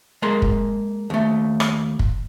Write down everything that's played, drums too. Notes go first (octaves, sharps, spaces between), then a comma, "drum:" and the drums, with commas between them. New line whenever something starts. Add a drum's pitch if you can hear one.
G#3 A#3 A#4 C6
drum: kick
D#2 A3
drum: rim click
drum: kick